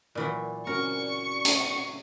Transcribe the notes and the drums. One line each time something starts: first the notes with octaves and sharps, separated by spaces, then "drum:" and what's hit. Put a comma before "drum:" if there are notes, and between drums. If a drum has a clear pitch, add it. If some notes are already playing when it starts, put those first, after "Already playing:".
A#2 E3 F#3 D5
C4 C#4 F#4 A#4 C#6
drum: hi-hat